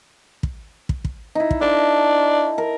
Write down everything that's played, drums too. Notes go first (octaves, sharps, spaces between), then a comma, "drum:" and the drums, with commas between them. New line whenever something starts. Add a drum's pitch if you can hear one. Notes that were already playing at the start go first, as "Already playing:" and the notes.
drum: kick
drum: kick
drum: kick
D#4 E4
drum: kick
D4 A4
A#4